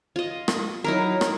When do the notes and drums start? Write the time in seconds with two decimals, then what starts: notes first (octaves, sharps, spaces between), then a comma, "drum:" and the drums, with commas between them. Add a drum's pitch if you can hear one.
0.16 F4 D#5
0.48 drum: rim click
0.84 F#3 D#4 E4 A#4
1.21 drum: rim click